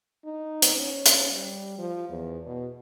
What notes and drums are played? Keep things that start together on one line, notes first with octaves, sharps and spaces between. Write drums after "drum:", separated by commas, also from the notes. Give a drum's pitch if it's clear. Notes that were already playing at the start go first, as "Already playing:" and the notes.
D#4
drum: hi-hat
C#4
drum: hi-hat
G3
F3
E2
B2